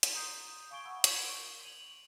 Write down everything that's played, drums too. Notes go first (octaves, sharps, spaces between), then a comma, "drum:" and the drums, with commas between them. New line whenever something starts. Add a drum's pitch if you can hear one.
drum: hi-hat
A#5 C6 D#6 G6 B6 C7
F5 G#5 C#6 G#6 D7 G7
F#5 B5 C#6 D6 E6
B5 C#6 G6 G#6, drum: hi-hat
A#4 C6 D7 G7
D#7 F7 F#7